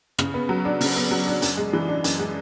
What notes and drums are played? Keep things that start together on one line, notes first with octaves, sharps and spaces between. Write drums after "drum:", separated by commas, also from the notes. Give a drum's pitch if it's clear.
C#3, drum: rim click
B3
F#3
D4
C#3, drum: open hi-hat
B3
F#3
D4
F#2, drum: hi-hat
G#3
E3
D4
F#2, drum: hi-hat
G#3